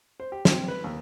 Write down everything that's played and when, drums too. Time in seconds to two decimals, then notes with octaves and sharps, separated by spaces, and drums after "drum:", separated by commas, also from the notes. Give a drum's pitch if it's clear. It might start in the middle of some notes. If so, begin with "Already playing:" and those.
0.20 C5
0.32 G4
0.45 C4, drum: snare
0.68 B4
0.84 D#2